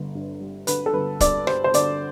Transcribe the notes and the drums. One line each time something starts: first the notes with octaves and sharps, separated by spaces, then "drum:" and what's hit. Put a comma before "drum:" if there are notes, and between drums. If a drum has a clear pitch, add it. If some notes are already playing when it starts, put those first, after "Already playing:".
Already playing: G1 D3
G2
G3
D3 B4, drum: hi-hat
A4
G1 B4
G2 D5, drum: kick, hi-hat
G3 C5, drum: rim click
C5
D3 D5, drum: hi-hat